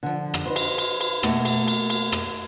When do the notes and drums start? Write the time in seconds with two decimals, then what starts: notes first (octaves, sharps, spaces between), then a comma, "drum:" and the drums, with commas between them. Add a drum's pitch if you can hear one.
0.03 D3 F3
0.34 drum: rim click
0.46 D#4 B4 C5
0.56 drum: cymbal
0.78 drum: cymbal
1.01 drum: cymbal
1.23 B2 A3 A#3 A#4, drum: rim click
1.45 drum: cymbal
1.68 drum: cymbal
1.90 drum: cymbal
2.12 drum: rim click